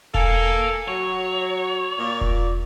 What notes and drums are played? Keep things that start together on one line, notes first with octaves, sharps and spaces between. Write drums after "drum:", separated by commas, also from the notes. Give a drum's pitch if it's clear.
A4 A#4 F5 G#5, drum: kick E1
F#3 C#5
A#2 D5
drum: kick E1